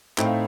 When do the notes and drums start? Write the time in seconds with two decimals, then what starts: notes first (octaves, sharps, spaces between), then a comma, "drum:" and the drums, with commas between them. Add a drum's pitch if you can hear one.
0.18 A2 A3 C4 D#4 G5, drum: clap
0.25 F5